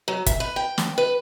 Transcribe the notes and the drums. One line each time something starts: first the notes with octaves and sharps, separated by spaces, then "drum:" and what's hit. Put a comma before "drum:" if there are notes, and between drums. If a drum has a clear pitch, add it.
F#3
E5, drum: kick, hi-hat
B4
G5
drum: snare
B4